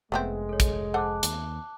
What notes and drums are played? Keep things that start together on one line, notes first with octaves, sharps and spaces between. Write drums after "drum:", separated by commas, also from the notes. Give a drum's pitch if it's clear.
F1 G#3 A3 B3 C4
A4 C#5
drum: kick, hi-hat
A4 C5 F#5 A5 D6 F#6
D#2, drum: hi-hat